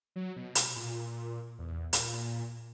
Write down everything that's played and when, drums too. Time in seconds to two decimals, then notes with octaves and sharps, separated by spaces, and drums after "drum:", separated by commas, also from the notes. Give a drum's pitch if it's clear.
0.16 F#3
0.36 B2
0.55 drum: hi-hat
0.76 A#2
1.59 E2
1.93 A#2, drum: hi-hat